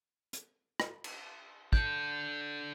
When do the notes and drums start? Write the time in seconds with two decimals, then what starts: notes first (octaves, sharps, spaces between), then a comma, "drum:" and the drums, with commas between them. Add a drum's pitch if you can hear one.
0.33 drum: hi-hat
0.80 drum: rim click
1.04 drum: cymbal
1.73 D4 A4 G6, drum: kick